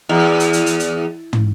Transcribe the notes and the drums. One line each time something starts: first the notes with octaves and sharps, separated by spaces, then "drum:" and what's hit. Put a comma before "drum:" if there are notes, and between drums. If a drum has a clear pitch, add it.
E2
drum: hi-hat
drum: hi-hat
drum: hi-hat
drum: hi-hat
drum: tom